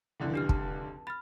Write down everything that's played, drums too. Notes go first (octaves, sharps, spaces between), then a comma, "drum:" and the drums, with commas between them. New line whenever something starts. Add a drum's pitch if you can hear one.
F1 C#2 D3 D#3 F3 E4
D4 G4 F6
A5, drum: kick
B5 F6 A6